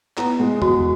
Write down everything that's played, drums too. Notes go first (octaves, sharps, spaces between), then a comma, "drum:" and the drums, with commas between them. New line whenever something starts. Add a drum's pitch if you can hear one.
B3 E4, drum: clap
G#3
E2 F#4, drum: tom E2